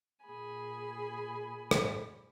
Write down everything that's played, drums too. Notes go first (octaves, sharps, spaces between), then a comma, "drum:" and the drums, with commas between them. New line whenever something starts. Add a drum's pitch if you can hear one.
A#2 G#4 G#5 B5
drum: rim click